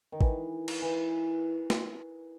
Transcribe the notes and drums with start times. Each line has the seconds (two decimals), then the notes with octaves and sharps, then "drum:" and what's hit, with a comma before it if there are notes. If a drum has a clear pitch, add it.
0.12 D#3
0.21 E3, drum: kick G#1
0.68 drum: cymbal
0.82 E3
1.70 drum: snare